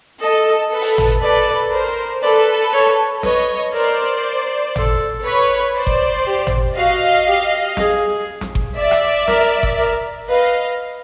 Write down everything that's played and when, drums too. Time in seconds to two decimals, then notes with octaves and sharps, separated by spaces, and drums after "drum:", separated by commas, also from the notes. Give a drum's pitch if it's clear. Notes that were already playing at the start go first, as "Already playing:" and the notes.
0.21 A4 D#5
0.71 A4 B4
0.81 drum: open hi-hat
0.98 drum: tom G#1
1.22 A4 B4 D5
1.72 A#4 C5
1.88 drum: hi-hat
2.23 A4 B4 D5, drum: hi-hat
2.74 C#5
3.23 B4 C#5 D#5, drum: snare
3.74 A#4 C5 D5
4.76 A4, drum: tom G#1
5.25 B4 C#5
5.76 C5 D5
5.87 drum: kick G1
6.26 G4
6.47 drum: tom G#1
6.76 F#4 D#5 F5
7.28 G4
7.77 G#4, drum: snare
8.41 drum: snare
8.55 drum: kick G1
8.78 D5 E5
8.91 drum: rim click
9.28 A#4, drum: snare
9.63 drum: kick G1
9.79 A#4
10.29 B4 D#5 F5